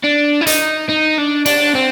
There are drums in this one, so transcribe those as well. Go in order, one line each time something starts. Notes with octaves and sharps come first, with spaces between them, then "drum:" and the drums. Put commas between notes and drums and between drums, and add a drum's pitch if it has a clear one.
D4
E4
D#4, drum: hi-hat
D#4
D4
D4, drum: cymbal
C4